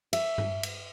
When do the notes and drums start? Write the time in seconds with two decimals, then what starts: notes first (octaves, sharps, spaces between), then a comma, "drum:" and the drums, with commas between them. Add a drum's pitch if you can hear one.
0.13 E5, drum: cymbal
0.38 drum: tom G2
0.63 drum: cymbal